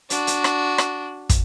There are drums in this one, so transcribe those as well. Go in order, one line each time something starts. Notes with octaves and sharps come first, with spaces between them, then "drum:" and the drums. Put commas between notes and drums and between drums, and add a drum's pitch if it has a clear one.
D4 F#4, drum: hi-hat
drum: hi-hat
drum: rim click
drum: rim click
drum: kick, hi-hat